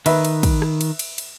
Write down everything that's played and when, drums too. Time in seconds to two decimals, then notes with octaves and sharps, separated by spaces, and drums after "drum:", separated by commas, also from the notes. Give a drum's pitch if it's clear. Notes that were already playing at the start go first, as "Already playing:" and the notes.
0.06 D#3 B4 E5, drum: cymbal
0.25 drum: cymbal
0.43 drum: kick, cymbal
0.62 drum: rim click
0.81 drum: cymbal
0.99 drum: cymbal
1.18 drum: cymbal